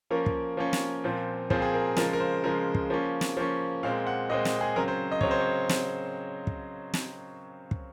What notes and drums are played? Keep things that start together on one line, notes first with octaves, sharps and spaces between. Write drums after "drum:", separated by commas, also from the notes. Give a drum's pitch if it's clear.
F3 A#3 C#4 A#4
drum: kick
F3 A#3 C#4
drum: snare
A#2 F3 C4
A#2 F3 C4 G#4, drum: kick
G#4
A#4
C#3 F3 G#3 A#4, drum: snare
A#4
C5
C#3 F3 G#3 A#4
drum: kick
F3 A#3 C#4
drum: snare
F3 A#3 C#4
A#2 G#3 C4 F5
F#5
A#2 G#3 C4 D#5
drum: snare
G#4
C#3 F#3 C4 A#4
C5
D#5
C#3 F#3 C4 C#5, drum: kick
C5
C#5
drum: snare
drum: kick
drum: snare
drum: kick